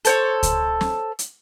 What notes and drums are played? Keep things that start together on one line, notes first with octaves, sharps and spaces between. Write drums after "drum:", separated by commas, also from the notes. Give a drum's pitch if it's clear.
A4 C5 C#5, drum: hi-hat
drum: kick C#2, hi-hat
drum: snare
drum: hi-hat